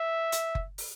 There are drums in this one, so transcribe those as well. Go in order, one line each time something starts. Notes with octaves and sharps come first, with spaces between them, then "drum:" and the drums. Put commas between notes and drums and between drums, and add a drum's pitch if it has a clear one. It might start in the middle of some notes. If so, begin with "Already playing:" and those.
Already playing: E5
drum: hi-hat
drum: kick F#1
drum: open hi-hat